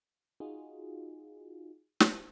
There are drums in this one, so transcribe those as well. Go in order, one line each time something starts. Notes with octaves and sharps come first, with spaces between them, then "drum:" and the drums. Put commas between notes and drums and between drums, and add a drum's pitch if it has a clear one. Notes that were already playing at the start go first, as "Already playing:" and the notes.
D#4 F4 F#4 G#4
drum: snare